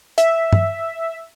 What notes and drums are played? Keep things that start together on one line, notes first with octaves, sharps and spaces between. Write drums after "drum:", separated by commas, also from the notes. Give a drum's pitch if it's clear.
E5, drum: hi-hat
drum: tom G2